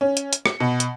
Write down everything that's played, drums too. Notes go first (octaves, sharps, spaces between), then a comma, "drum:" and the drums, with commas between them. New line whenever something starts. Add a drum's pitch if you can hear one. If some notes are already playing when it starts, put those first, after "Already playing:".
C#4
drum: hi-hat
drum: hi-hat
C#7, drum: rim click
B2
drum: hi-hat